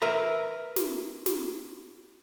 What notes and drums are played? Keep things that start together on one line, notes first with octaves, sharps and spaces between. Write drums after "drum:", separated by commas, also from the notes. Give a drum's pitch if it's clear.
A#4 B4 E5 A#5
drum: snare
drum: snare